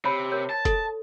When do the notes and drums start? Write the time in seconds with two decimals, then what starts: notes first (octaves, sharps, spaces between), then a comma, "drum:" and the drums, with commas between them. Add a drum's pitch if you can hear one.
0.05 C3 C5 C#5 B5
0.32 A#4 C#5
0.50 A5
0.65 A4, drum: kick, hi-hat